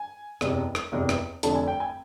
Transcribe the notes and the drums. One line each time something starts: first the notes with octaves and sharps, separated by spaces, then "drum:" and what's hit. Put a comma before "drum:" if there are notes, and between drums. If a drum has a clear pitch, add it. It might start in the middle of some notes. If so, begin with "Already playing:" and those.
Already playing: G#5
F#1 E2 C3, drum: rim click
drum: rim click
F#1 E2 C3
drum: rim click
F1 F2 D3 A5, drum: hi-hat
G#5
G5
G#5